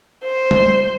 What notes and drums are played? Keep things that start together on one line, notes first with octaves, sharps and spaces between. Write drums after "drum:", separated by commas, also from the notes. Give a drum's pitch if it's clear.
C5
drum: tom G3